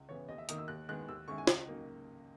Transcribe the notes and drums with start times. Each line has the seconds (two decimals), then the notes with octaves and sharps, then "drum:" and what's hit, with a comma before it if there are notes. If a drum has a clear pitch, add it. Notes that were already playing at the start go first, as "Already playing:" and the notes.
Already playing: C#2
0.09 C#3 E3 B3 C#5
0.28 D#2 D#5
0.38 E5
0.49 D#3 A#3 D#4 D#6, drum: hi-hat
0.58 E6
0.68 D#2 F#6
0.89 D#3 G#3 B3 F#6
1.09 D#2 E6
1.28 D#3 G#3 C#4 E4 C#6
1.38 G#5
1.47 C#2 D#5, drum: snare
1.68 C#3 F#3 A#3 D#4